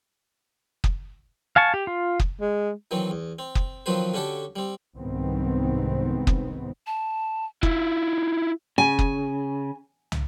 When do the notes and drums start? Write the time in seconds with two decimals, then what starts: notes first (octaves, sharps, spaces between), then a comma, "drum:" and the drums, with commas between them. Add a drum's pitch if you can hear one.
0.84 drum: kick
1.56 F5 G#5 A5 C#6
1.74 G4
1.87 F4
2.20 drum: kick
2.41 G#3
2.91 D#3 E3 F#3 C4
3.11 E2
3.39 C4
3.55 drum: kick
3.86 D#3 F3 F#3 C4 B4 C5
4.14 D3 C#4 F#4 G4 A4
4.56 G3 C4
4.97 C2 G#2 D#3 B3 C4
6.27 drum: kick
6.87 A5
7.63 E4 F4, drum: kick
8.78 C#3 G#5
8.99 drum: kick
10.12 drum: tom